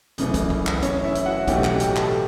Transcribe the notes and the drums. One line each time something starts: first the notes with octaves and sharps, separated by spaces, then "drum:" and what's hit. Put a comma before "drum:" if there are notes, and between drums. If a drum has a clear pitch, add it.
F#1 F#2 C#3 E3 A3, drum: hi-hat
drum: kick, hi-hat
drum: kick
drum: clap
C#4 C#5, drum: hi-hat
E4 E5
drum: hi-hat
F#4 F#5
B1 A2 E3 A3 C#4 G4 G5, drum: kick, hi-hat
F#4 F#5, drum: clap
G4 G5, drum: hi-hat
A4 A5, drum: clap